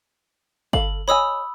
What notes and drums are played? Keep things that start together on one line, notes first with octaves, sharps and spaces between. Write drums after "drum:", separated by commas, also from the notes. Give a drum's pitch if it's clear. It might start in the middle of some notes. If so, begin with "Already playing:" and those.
A4 F5 B5 F#7, drum: kick G1
C#5 D#5 G#5 B5 D#6 E6